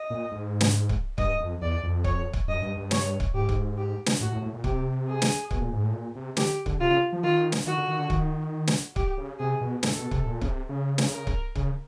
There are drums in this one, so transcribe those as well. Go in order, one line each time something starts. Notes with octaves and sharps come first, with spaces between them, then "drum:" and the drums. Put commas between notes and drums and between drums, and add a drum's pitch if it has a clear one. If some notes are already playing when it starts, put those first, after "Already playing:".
Already playing: D#5
A#2
G#2
drum: snare
drum: kick C#1
G2 D#5, drum: kick C#1
F2
E2 D5
F2
C#5, drum: kick C#1
drum: kick C#1
F#2 D#5
G2
G2
C#5, drum: snare
drum: kick C#1
G#2 G4
drum: kick C#1
G4
drum: snare
A2 F#4
A2
A2
A#2
C3 G4, drum: kick C#1
G#4
drum: snare
B2, drum: kick C#1
A#2
G#2
A2
A#2
C3
D3 G4, drum: snare
D3, drum: kick C#1
C3 F4
C#3
F3
D#3 F4
drum: snare
D#3 F#4
D3
D#3
D3
D#3, drum: kick C#1
drum: snare
G4, drum: kick C#1
C#3
C3 G#4
B2
A2 A4, drum: snare
B2
C3, drum: kick C#1
A#2
C#3, drum: kick C#1
C3
C#3
drum: snare
A#4
drum: kick C#1
C#3, drum: kick C#1